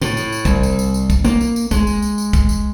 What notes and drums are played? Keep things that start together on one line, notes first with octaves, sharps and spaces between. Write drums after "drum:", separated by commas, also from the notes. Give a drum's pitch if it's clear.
A2, drum: tambourine
drum: tambourine
drum: tambourine
C2, drum: kick, tambourine
drum: tambourine
drum: tambourine
drum: tambourine
drum: kick, tambourine
A#3, drum: tambourine
drum: tambourine
drum: tambourine
G#3, drum: kick, tambourine
drum: tambourine
drum: tambourine
drum: tambourine
drum: kick, tambourine
drum: tambourine